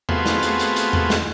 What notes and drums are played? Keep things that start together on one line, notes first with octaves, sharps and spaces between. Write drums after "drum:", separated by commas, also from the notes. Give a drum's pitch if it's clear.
A3 B3 C4 F4 F#4 G#4, drum: tom E2
drum: snare
drum: hi-hat
drum: hi-hat
drum: hi-hat
drum: tom E2
drum: snare